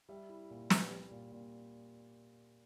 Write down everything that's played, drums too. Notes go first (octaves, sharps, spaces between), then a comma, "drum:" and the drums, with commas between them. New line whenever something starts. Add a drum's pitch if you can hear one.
G3 E5
E4
A#2
C#4, drum: snare
G3
A#2
A#2